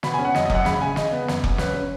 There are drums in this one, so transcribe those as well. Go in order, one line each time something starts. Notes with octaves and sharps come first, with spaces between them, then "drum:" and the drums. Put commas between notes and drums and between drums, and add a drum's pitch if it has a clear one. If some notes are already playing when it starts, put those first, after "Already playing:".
B2 B5, drum: snare
G#5
C#4
F#5
F#2 D#5, drum: snare
D#5
F#2, drum: kick F1
F#5
C#3 B5, drum: snare
C#3 G#5
C#3 D#5, drum: snare
B3
F#2, drum: snare
F#2, drum: kick F1
C#4 B4, drum: snare
C#4